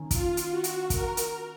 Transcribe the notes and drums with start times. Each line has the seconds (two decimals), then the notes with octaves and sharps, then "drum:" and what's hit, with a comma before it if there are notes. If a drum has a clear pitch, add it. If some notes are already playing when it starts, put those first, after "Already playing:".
Already playing: D#3 A#3 C#4
0.11 F4, drum: kick, hi-hat
0.37 drum: hi-hat
0.50 F#4
0.64 drum: hi-hat
0.90 A#4, drum: kick, hi-hat
1.17 drum: hi-hat